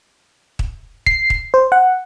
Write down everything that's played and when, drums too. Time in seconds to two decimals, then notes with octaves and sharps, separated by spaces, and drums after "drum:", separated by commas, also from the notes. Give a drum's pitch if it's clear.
0.59 drum: kick
1.06 C7, drum: kick
1.30 drum: kick
1.54 C5
1.72 F#5